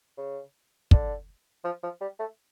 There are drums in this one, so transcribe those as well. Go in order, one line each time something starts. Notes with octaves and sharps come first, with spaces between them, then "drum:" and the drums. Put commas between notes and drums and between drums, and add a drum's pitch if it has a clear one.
C#3
D3, drum: kick
F3
F3
G3
A3